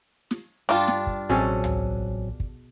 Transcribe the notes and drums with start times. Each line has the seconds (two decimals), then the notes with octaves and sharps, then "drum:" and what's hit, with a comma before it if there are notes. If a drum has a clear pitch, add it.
0.31 drum: snare
0.69 G2 G3 D4 F4
0.88 drum: snare
1.07 drum: kick
1.29 A1 B2 F#3 C4 C#4 G#4 A4
1.64 drum: tom
2.40 drum: kick